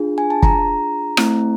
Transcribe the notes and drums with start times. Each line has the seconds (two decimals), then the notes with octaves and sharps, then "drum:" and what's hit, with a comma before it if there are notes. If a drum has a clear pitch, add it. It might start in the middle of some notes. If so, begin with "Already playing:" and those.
Already playing: D4 F4 G#4
0.18 G#5
0.30 A5
0.43 A#5, drum: kick
1.17 A3 C4 E4, drum: rim click